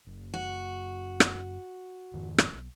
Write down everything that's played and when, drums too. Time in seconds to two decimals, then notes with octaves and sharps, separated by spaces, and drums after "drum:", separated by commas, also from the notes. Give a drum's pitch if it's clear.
0.07 F#1
0.34 F#4
1.20 drum: rim click
2.14 F2 G#2 D#3
2.38 drum: rim click
2.53 B1